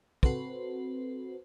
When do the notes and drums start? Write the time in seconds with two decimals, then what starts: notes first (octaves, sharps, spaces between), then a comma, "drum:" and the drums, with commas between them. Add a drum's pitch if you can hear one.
0.23 C4 F#4 A4 B4 C5, drum: kick